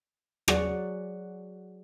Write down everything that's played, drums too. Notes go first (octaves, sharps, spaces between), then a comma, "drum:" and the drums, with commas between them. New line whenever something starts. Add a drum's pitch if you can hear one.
F#3 F#4 G#4 D5 F#5, drum: rim click